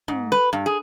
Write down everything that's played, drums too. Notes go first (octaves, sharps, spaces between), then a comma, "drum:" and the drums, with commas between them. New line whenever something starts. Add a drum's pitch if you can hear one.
G#2, drum: tom
B4
G2
G#4